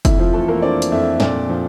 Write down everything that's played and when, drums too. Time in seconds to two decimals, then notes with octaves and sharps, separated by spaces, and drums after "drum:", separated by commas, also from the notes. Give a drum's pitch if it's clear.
0.05 F2 E4, drum: kick, hi-hat
0.19 F3 F4
0.33 E3 A3 A4
0.48 A#3 A#4
0.62 C4 D4 D5
0.82 drum: hi-hat
0.92 F2 E4 E5
1.20 A#2 D4 D5, drum: snare
1.49 F3